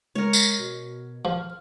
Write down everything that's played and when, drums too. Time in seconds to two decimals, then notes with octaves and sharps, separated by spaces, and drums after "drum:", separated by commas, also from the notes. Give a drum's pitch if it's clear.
0.15 G#3 A#4 C#5
0.33 drum: tambourine
0.59 B2
1.25 F3 F6